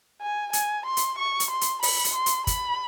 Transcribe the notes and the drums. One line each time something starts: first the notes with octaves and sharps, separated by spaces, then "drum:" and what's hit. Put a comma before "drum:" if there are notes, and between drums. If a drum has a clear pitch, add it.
G#5
G#5, drum: hi-hat
C6
drum: hi-hat
C#6
drum: hi-hat
C6
drum: hi-hat
B5, drum: open hi-hat
drum: hi-hat
C6
drum: hi-hat
B5, drum: kick, hi-hat